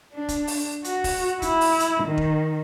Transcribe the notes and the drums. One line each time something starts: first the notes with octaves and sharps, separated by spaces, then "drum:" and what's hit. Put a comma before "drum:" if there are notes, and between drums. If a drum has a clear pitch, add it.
D4
drum: kick E1, hi-hat
drum: open hi-hat
F#4, drum: hi-hat
drum: kick E1, open hi-hat
E4, drum: kick E1, hi-hat
drum: open hi-hat
drum: hi-hat
D#3
drum: kick E1